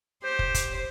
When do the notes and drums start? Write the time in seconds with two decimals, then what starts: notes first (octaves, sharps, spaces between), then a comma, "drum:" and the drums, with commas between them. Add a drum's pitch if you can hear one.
0.24 G4 C5
0.39 drum: kick
0.54 drum: kick, hi-hat